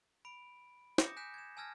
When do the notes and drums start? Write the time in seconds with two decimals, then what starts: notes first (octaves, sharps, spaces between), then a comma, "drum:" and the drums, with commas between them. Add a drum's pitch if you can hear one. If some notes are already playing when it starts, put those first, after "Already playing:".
0.25 B5 D7
0.98 D6 D#6 G6 A#6 C#7 E7, drum: snare
1.17 G#5 F#6 G6 B6 E7
1.34 G#6 E7
1.57 G#5 A5 E6 F6 G#6 A#6